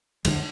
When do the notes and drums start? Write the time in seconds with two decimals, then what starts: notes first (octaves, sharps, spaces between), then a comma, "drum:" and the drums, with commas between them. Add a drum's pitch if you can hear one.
0.25 F2 D3 F3 G#3, drum: cymbal